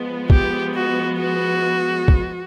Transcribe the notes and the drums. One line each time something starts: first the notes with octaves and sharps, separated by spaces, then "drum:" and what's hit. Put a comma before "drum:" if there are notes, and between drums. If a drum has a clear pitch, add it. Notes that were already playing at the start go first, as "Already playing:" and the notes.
Already playing: F3 G#3 B3
G4, drum: kick
F#4
F#4
drum: kick